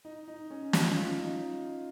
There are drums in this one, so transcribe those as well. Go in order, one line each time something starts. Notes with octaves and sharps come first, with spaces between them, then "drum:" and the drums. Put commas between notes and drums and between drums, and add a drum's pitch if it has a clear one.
D#4
D#4
C#4
F4, drum: snare
F4
D#4